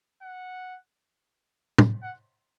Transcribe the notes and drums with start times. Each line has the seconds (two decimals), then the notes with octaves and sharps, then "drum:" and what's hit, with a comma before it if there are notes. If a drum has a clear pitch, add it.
0.22 F#5
1.78 drum: tom
2.03 F#5